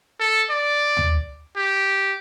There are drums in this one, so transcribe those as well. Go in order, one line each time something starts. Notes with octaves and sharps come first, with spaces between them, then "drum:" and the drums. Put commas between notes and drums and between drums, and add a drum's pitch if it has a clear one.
A4
D5
drum: tom
G4